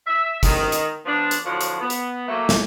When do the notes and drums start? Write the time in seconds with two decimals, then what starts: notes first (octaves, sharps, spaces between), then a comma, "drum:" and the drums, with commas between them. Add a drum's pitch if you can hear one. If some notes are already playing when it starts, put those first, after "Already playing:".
0.07 E5
0.43 D#3, drum: kick, hi-hat
0.72 drum: hi-hat
1.05 F3 B3 D4
1.31 drum: hi-hat
1.45 A2 D3 F3 F#3 F4 F#4
1.61 drum: hi-hat
1.81 B3
1.90 drum: hi-hat
2.28 F#3 A3 A#3
2.49 drum: snare